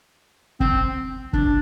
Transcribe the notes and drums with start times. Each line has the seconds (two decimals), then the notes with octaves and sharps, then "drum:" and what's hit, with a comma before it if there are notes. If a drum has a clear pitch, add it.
0.60 C4, drum: kick
1.33 D4, drum: kick